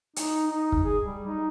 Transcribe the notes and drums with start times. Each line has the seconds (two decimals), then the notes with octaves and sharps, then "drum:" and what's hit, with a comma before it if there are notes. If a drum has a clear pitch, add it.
0.16 D#4, drum: hi-hat
0.47 D#4
0.72 drum: kick
0.84 G#4
1.03 G3
1.27 D#4